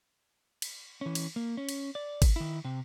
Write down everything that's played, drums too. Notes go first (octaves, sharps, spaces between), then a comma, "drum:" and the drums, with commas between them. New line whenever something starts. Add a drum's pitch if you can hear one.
drum: cymbal
E3 C#4
drum: cymbal
A#3
C#4
drum: cymbal
D5
drum: kick G#1, cymbal
D#3 E4
C3 C4